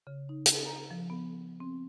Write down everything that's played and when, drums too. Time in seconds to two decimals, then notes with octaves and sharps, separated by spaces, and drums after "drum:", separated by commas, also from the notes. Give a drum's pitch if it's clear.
0.07 C#3
0.29 D#4
0.46 drum: hi-hat
0.66 A#5
0.91 F3
1.10 B3
1.60 C4